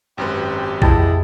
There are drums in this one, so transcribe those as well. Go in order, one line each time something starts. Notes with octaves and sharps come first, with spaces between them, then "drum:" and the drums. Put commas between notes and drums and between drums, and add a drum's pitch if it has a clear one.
G#1 F#2 G4 B4
F2 G#3 B3 E4 A6, drum: kick A#1